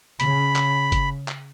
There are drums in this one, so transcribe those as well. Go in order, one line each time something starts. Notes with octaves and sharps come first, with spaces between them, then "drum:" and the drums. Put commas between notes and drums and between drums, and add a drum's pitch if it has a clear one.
C#3 B5, drum: hi-hat
drum: clap
drum: kick F#1, hi-hat
drum: clap